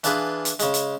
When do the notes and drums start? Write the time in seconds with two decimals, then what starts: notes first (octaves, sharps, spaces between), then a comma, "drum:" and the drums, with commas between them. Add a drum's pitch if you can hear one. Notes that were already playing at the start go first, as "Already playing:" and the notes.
0.04 E3 D4 F4 G#4 B4, drum: hi-hat
0.45 drum: hi-hat
0.59 C#3 G#3, drum: hi-hat
0.74 drum: hi-hat